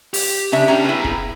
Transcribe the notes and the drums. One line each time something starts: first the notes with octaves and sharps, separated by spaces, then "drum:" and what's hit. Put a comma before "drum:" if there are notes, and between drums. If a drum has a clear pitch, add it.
G4, drum: open hi-hat
C#3 D4 E5
B3 C#4 D4 G4 A#5
E4 G#4 B4
drum: kick